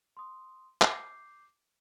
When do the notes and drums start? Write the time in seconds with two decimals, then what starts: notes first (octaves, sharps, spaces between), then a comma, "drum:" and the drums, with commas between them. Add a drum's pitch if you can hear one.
0.17 C6 D#6
0.82 D6 G6 C7, drum: clap